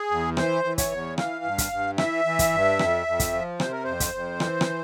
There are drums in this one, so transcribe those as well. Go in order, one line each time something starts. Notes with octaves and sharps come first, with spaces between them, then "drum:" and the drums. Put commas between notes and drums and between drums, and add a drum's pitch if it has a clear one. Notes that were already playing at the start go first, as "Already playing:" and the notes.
Already playing: G#4
E2
E3 C5, drum: rim click
E3
C#5, drum: kick, hi-hat
E2
E3 F5, drum: rim click
G2
drum: kick, hi-hat
G2
E3 E5, drum: rim click
E3
drum: kick, hi-hat
G2
F2, drum: rim click
F2
drum: kick, hi-hat
F3
C3 C5, drum: rim click
A#4
F2 C5
drum: kick, hi-hat
F2
E3, drum: rim click
drum: rim click